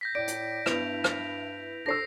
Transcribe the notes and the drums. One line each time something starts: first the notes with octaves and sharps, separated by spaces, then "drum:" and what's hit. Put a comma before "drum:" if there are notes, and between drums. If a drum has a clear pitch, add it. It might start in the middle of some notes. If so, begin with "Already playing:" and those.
G6 A#6 B6
A2 D5 D7
drum: hi-hat
G2 B3 E4 F7, drum: rim click
drum: rim click
D4 A4 C5 E6 A#6 C7